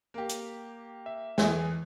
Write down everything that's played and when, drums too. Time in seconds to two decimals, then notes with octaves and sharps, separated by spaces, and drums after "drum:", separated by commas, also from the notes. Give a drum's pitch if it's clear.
0.14 A#3 G4
0.29 drum: hi-hat
1.06 E5
1.38 E2 E3 G#4 G#5, drum: snare